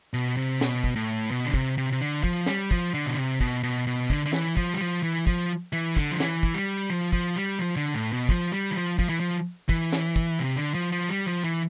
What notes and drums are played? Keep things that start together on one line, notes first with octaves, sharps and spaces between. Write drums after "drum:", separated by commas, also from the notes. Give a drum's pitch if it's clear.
B2
C3
B2, drum: snare
drum: kick
A2
B2
D3
C3, drum: kick
C3
C3
D3
F3, drum: kick
G3, drum: snare
F3, drum: kick
D3
B2
C3
B2, drum: kick
B2
B2
D3, drum: kick
D3
E3, drum: snare
F3, drum: kick
G3
F3
E3
F3, drum: kick
E3
D3, drum: kick
F3
E3, drum: snare
drum: kick
G3
F3
F3, drum: kick
G3
F3
D3
A2
B2
F3, drum: kick
G3
E3
F3
F3, drum: kick
E3
F3
E3, drum: kick
drum: snare
drum: kick
C3
D3
F3
F3
G3
F3
E3